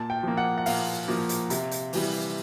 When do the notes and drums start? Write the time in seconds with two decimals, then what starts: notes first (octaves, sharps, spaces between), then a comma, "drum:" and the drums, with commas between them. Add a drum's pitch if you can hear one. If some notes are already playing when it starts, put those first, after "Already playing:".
Already playing: A#2 A5
0.10 G5
0.23 F3 A#3
0.37 F#5
0.58 F#5
0.66 A#2 F5, drum: open hi-hat
1.08 F3 A#3
1.29 drum: hi-hat
1.50 C3, drum: hi-hat
1.71 drum: hi-hat
1.93 E3 G3, drum: open hi-hat